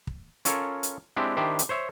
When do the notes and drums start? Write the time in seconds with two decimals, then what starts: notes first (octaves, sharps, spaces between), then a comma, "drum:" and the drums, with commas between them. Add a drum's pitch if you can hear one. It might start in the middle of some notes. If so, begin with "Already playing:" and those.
0.07 drum: kick
0.45 C#4 F4 A4 A#4 C#5, drum: hi-hat
0.83 drum: hi-hat
1.16 G#3 C4 D4 E4 G4
1.37 D#3 D4 E4 G4 C5
1.59 drum: hi-hat
1.69 C5 C#5 E5